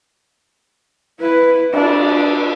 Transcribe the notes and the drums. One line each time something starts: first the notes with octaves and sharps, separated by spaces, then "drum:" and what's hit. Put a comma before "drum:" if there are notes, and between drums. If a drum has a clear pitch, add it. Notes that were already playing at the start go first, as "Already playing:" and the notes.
E4 B4
D4, drum: cymbal